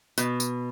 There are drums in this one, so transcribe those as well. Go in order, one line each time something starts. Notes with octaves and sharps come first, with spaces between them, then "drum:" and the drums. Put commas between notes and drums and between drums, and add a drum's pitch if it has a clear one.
B2, drum: tambourine
drum: tambourine